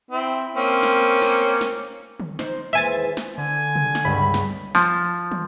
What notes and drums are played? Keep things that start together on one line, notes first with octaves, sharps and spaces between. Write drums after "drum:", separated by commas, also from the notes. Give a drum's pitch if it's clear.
C4 E4
A#3 C4 C#4
drum: snare
drum: snare
drum: snare
drum: tom D3
D#4 C5, drum: snare
D#2 E3 G#3 C5 E5 G#5 A6
drum: snare
D3 G#5
drum: tom C3
drum: snare
C#2 G2 B5
drum: snare
F3, drum: snare
drum: tom